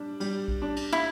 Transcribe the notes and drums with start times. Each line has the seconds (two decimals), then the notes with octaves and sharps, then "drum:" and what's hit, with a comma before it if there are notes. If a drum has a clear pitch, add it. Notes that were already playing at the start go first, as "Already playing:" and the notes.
Already playing: G3 D4
0.20 G3, drum: cymbal
0.48 drum: kick A#1
0.62 D4
0.76 drum: cymbal
0.93 E4